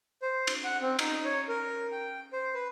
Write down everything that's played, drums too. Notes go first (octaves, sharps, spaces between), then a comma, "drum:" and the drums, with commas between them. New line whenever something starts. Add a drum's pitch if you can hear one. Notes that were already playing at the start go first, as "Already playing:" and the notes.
C5
drum: cymbal
F#5
C4
D#4, drum: cymbal
C#5
A#4
G5
C5
B4